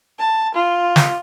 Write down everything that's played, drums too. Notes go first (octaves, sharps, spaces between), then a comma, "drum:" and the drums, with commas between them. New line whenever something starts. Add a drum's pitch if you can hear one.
A5
F4
drum: snare